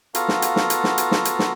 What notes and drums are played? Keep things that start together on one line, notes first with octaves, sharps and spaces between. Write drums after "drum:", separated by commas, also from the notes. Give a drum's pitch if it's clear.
B3 F4 F#4 A4 F5 A#5, drum: hi-hat
drum: snare
drum: hi-hat
drum: snare
drum: hi-hat
drum: snare
drum: hi-hat
drum: snare
drum: hi-hat
drum: snare